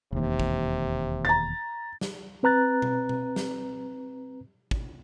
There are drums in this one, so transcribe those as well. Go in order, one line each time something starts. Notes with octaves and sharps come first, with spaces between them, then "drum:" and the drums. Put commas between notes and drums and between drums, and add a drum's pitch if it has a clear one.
E1 D#2 C3
drum: kick
A#5 A6
drum: snare
C4 B4 A#5 F#6 A6
drum: tom B2
drum: tom B2
drum: snare
drum: kick